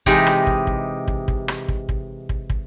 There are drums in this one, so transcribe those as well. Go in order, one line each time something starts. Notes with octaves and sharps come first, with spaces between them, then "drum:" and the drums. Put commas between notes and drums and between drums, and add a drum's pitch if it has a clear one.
C3 E3 G#3 D#4 G4 A#5, drum: kick
drum: rim click
drum: kick
drum: kick
drum: kick
drum: kick
drum: rim click
drum: kick
drum: kick
drum: kick
drum: kick